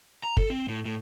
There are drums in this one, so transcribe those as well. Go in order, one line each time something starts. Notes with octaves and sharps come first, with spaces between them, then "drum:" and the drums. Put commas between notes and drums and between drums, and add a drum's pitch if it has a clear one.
A#5
A4, drum: kick
C4
A2
A2